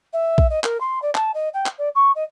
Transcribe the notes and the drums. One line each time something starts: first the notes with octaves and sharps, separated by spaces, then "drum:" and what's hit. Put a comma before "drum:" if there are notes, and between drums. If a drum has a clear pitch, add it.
E5
drum: kick A#1
D#5
A#4, drum: clap
C6
D5
A5, drum: clap
D#5
G5
drum: clap
D5
C#6
D#5